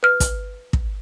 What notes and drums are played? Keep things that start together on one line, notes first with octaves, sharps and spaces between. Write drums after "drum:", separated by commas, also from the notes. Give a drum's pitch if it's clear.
B4 F6
drum: kick, hi-hat
drum: kick